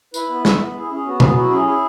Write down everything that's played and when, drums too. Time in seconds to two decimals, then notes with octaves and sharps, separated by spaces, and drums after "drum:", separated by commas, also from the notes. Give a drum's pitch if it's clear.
0.14 E4 B4, drum: tambourine
0.29 B3 B4
0.45 E4 E5, drum: snare
0.60 B3 B4
0.74 E4 G#4
0.90 C#4 G#4
1.06 B3 F#4
1.20 F#3 G#4, drum: tom B2
1.36 E4 F#4
1.50 C#4 G#4
1.66 E4 G#4